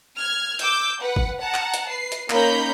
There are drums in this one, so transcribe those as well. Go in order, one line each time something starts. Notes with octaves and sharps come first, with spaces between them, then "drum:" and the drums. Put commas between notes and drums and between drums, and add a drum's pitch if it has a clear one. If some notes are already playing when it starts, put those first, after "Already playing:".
F6 G#6
D6 E6 G6, drum: hi-hat
B4 F#5
drum: kick
F#5 A5 A#5
drum: clap
drum: hi-hat
B4 C7
drum: hi-hat
A#3 C#4 D#4 A#5 B5 G6, drum: clap